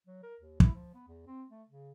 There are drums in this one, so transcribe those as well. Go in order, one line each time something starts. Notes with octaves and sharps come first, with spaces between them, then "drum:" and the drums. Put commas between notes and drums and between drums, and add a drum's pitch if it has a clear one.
F#3
A#4
D#2
E4, drum: kick
F3
B3
E2
C4
A3
C#3